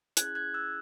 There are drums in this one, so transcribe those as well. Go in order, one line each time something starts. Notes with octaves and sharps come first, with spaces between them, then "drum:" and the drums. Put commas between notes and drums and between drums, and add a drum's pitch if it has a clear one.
C#4 E4 G#4 F#6 G#6, drum: hi-hat
F#6 G#6
E6 F#6